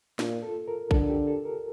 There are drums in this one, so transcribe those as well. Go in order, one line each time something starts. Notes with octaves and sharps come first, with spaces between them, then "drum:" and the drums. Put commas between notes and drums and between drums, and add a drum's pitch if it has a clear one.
A#2 F4, drum: snare
A4
A#4
D3 A4, drum: kick
G4
A4
A#4